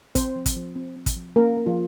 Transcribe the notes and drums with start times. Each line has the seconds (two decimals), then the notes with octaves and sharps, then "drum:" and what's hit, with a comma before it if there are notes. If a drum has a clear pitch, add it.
0.15 C4 C5, drum: kick, hi-hat
0.36 F3
0.46 drum: kick, hi-hat
0.56 F3
0.76 C4
0.96 C4
1.06 drum: kick, hi-hat
1.16 F3
1.36 A#3 C#4 A#4
1.57 A#3
1.66 F3 F4